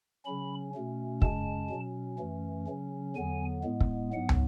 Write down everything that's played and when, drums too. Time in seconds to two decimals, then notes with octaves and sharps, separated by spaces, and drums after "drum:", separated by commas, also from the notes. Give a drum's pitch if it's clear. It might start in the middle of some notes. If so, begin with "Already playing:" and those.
0.25 C#3 F#3 C#4 B5
0.74 B2 A3 C#4
1.22 F#2 C#3 G#3 C#4 A5, drum: kick
1.70 B2 F#3 C#4
2.19 F#2 E3 A3 C#4
2.67 C#3 F#3 C#4
3.16 E2 D3 F#3 B3 G#5
3.64 A2 G#3 B3
3.80 drum: kick
4.13 G#2 F#3 B3 F#5
4.29 drum: tom